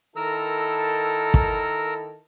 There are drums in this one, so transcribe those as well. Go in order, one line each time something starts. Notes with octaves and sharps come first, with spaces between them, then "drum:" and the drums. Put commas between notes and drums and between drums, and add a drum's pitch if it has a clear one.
D#3 E4 A4 A#4 A#5 E6
drum: kick